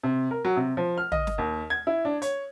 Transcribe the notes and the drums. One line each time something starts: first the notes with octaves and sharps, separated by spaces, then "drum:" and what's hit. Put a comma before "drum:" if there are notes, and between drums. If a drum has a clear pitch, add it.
C3
A#4
F#3
C3
F3
F6
D#5, drum: tom
drum: snare
D#2
G#6
E4
D4
C#5, drum: hi-hat